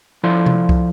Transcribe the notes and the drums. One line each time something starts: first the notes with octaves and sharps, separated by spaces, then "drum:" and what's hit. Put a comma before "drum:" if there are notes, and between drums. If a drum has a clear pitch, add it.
F3 E4 A4 D5 F5 C6
drum: tom C3
drum: kick C2